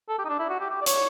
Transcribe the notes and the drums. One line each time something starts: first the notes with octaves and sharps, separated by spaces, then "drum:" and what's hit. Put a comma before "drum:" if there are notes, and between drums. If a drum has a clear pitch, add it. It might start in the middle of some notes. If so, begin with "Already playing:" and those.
A4
G4
D#4
D4
E4
F#4
G4
G4
D5
C#5, drum: hi-hat